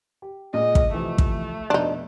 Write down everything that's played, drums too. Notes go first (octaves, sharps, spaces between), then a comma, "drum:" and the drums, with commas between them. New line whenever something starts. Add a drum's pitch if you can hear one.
G4
A#2 G#3 D#5
drum: kick
C3 E3 F3 A3
drum: kick
F1 B2 D4 D#4